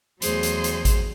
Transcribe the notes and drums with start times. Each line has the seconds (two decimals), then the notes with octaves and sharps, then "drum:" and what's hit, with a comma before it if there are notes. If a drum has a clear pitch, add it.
0.22 E2 F#3 A3 G#4 C5 C6, drum: hi-hat
0.43 drum: hi-hat
0.64 drum: hi-hat
0.85 drum: kick G#1, hi-hat